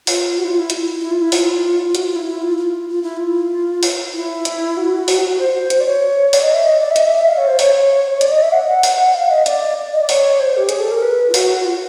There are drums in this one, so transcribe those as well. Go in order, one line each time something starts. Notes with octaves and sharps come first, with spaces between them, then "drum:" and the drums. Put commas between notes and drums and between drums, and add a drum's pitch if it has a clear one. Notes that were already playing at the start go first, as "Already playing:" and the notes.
F4, drum: open hi-hat
F#4
E4
F4
E4
drum: hi-hat
E4
F4
E4
F4, drum: open hi-hat
F4
F#4, drum: hi-hat
F4
E4
E4
F4
F4
F4
E4
F4
drum: open hi-hat
E4
drum: hi-hat
F#4
drum: open hi-hat
C5
C5, drum: hi-hat
D5
C#5
D5, drum: open hi-hat
D#5
E5
D#5
D5
E5
D#5, drum: hi-hat
E5
E5
F5
C#5
C5
C#5, drum: open hi-hat
D5, drum: hi-hat
D#5
E5
F#5
F#5
drum: open hi-hat
F5
D#5
D5, drum: hi-hat
D#5
D5
C#5, drum: open hi-hat
C5
G4
G#4, drum: hi-hat
A4
A#4
B4
F4
F#4, drum: open hi-hat
F4